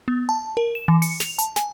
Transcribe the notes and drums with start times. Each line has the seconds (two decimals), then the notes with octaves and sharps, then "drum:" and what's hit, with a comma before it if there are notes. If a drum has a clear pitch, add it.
0.08 B3
0.29 A5
0.57 A#4
0.75 E7
0.88 E3
1.02 C#7, drum: open hi-hat
1.20 F7, drum: snare
1.39 A5, drum: hi-hat
1.56 G#5, drum: snare